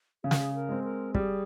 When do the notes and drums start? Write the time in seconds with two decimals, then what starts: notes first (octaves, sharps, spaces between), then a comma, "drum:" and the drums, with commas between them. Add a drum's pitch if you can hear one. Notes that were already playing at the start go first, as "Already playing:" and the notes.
0.23 C#3 G#4
0.31 A#4, drum: snare
0.38 G#4
0.55 A#4
0.69 G#3 C4
0.84 A#4
1.15 G3 G#4, drum: kick